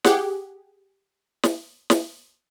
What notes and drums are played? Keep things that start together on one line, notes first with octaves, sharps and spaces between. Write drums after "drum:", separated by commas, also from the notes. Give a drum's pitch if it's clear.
G4 G#4 F#5, drum: snare
drum: snare
drum: snare